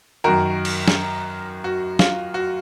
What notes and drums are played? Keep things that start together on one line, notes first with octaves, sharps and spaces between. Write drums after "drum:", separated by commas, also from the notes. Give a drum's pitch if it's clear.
F#2 D#3 F#4 A#4
drum: cymbal
drum: snare
F#4
F4, drum: snare
F#4